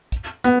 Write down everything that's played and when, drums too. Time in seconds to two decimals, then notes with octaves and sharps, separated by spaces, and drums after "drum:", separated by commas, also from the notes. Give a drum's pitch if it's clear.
0.12 drum: kick, hi-hat
0.44 B3, drum: hi-hat